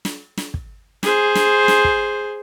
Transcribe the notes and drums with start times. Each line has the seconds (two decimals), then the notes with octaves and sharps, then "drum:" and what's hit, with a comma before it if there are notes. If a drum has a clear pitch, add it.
0.05 drum: snare
0.37 drum: snare
0.54 drum: kick
1.03 G#4 C5, drum: snare
1.35 drum: snare
1.68 drum: snare
1.84 drum: kick